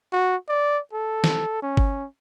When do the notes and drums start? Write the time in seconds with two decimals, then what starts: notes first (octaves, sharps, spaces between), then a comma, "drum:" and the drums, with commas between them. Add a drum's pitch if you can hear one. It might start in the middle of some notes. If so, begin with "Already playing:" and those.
0.13 F#4
0.49 D5
0.94 A4
1.24 drum: snare
1.62 C#4
1.77 drum: kick G1